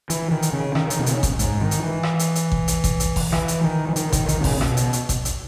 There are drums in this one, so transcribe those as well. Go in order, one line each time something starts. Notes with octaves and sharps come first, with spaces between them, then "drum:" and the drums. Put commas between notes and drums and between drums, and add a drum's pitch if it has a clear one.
E3, drum: hi-hat
D#3
drum: hi-hat
C#3
D#3, drum: rim click
D#3, drum: hi-hat
B2
C#3, drum: hi-hat
drum: kick G#1, hi-hat
G#2, drum: hi-hat
D#3
drum: hi-hat
E3
drum: rim click
drum: hi-hat
drum: hi-hat
drum: kick G#1
drum: hi-hat
drum: kick G#1, hi-hat
drum: hi-hat
drum: kick G#1, open hi-hat
E3, drum: rim click
drum: hi-hat
D#3
E3
D#3, drum: hi-hat
D#3, drum: kick G#1, hi-hat
D#3, drum: hi-hat
B2
C#3, drum: kick G#1, open hi-hat
B2, drum: rim click
drum: hi-hat
drum: hi-hat
drum: kick G#1, hi-hat
drum: hi-hat